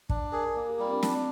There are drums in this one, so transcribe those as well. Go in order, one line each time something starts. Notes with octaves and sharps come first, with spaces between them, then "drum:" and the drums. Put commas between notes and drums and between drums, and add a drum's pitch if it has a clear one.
D4, drum: kick
G#4 A#4
A#3 A#4
G4
G3 F4
C4
D4
C4 D4, drum: snare